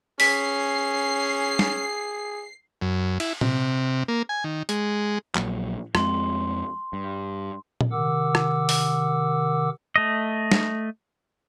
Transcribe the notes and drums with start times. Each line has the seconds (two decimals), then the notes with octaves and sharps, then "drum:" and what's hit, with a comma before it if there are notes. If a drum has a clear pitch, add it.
0.20 C#4 G#4 B6 C7, drum: open hi-hat
1.59 drum: snare
2.82 F#2
3.20 E4, drum: cymbal
3.41 C3, drum: tom A#2
4.08 A#3
4.29 G#5
4.44 D#3
4.69 G#3, drum: hi-hat
5.35 A#1 A#2 F#3, drum: clap
5.95 F2 G#3 C4 C6, drum: rim click
6.93 G2
7.81 drum: tom A#2
7.91 C3 D#3 A#4 F#5 D6 E6
8.35 drum: rim click
8.69 drum: open hi-hat
9.96 A3 D#5
10.52 drum: snare